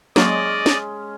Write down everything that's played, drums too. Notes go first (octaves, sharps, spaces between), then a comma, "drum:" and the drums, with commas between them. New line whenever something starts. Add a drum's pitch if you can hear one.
F#3 G#3 A#3 C#4 D5 D#5, drum: snare
drum: snare